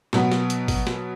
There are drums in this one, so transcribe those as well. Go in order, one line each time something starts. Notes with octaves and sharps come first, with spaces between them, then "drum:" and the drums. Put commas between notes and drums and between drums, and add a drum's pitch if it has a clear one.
B2 F#3 B3, drum: snare
drum: snare
drum: hi-hat
drum: kick G#1, open hi-hat
drum: snare